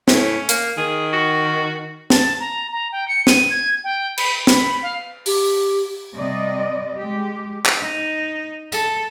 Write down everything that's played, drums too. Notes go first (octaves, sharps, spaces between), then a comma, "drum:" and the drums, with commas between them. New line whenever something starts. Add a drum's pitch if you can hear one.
A2 C#4, drum: snare
A#3, drum: hi-hat
D#3 G#4
F#4
A5, drum: snare
A#5
A#5
G5
C#7
D#7, drum: snare
G#6
G5
B5, drum: cymbal
B5, drum: snare
F5
G4, drum: open hi-hat
C3 G3 D5 D#5
G#3 G4
drum: clap
D#4
A4, drum: tambourine